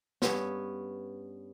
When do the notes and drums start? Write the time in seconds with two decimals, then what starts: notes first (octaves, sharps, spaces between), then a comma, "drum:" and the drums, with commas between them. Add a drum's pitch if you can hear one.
0.22 G2 B3 C#4, drum: snare